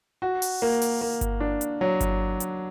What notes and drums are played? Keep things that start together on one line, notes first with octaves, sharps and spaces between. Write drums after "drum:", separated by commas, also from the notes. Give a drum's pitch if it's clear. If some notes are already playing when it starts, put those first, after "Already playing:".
F#4
drum: open hi-hat
A#3
drum: open hi-hat
A#3
drum: kick G1, hi-hat
D4
drum: hi-hat
F#3
drum: kick G1, hi-hat
drum: hi-hat